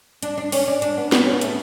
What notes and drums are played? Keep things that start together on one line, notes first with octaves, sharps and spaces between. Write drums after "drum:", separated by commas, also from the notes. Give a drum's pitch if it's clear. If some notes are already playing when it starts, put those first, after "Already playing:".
D4, drum: hi-hat
D4
C#4, drum: open hi-hat
D4
D4, drum: hi-hat
B3
B3, drum: snare
C#4
B3
A3, drum: hi-hat